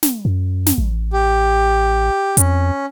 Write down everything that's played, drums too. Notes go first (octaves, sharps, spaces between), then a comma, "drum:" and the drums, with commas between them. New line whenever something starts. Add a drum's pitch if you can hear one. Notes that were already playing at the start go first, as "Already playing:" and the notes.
drum: snare
F#2
drum: snare
A1
G4
F2 C#4, drum: hi-hat